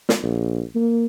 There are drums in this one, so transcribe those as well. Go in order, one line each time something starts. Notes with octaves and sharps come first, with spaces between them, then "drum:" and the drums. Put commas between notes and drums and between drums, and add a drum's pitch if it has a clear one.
drum: snare
A#1
A#3